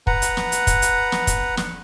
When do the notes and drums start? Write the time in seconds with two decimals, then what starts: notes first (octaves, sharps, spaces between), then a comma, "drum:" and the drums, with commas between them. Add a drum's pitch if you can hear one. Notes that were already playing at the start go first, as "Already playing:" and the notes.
0.07 B4 F#5 A#5, drum: kick
0.22 drum: hi-hat
0.37 drum: snare
0.52 drum: hi-hat
0.67 drum: kick, hi-hat
0.82 drum: hi-hat
1.12 drum: snare
1.27 drum: kick, hi-hat
1.57 drum: snare